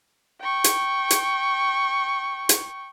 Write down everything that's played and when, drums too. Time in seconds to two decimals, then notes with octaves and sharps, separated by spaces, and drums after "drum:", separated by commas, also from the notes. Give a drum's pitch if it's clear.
0.41 G5 C#6
0.64 drum: hi-hat
1.10 drum: hi-hat
2.49 drum: hi-hat